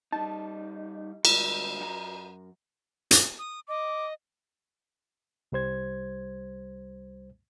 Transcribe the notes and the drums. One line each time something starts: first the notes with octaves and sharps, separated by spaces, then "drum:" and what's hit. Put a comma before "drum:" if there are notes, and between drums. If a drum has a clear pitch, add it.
G3 D#4 A5
G2 D3 G#3, drum: cymbal
F#2 F#4 A#5
drum: hi-hat
D#6
D#5 D6
C2 G3 C5 G#6